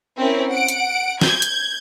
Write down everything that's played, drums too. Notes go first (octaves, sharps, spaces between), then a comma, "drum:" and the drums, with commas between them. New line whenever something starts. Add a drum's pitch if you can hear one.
C4 C#4 E4 A#4
F#5 D7
drum: hi-hat
G6 G#6, drum: snare
drum: hi-hat